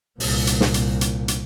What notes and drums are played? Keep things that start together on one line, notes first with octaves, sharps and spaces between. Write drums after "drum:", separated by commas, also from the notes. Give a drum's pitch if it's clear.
C2 A#2, drum: open hi-hat
drum: hi-hat
drum: snare
drum: hi-hat
drum: hi-hat
drum: hi-hat